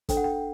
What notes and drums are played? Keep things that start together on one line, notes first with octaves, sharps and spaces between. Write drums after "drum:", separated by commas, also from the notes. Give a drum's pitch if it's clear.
D4 A4 C5 G5, drum: kick, hi-hat
F#5
G5